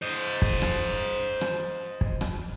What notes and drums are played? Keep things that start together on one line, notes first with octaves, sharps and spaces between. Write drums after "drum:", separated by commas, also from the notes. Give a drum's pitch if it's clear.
C5 D#5
drum: kick
drum: rim click
drum: rim click
drum: kick
drum: rim click